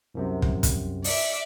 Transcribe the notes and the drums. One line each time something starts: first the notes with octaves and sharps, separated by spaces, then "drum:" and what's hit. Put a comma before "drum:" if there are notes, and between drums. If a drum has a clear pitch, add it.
C2 F#2 C3
drum: kick
drum: kick, hi-hat
D5 E5, drum: open hi-hat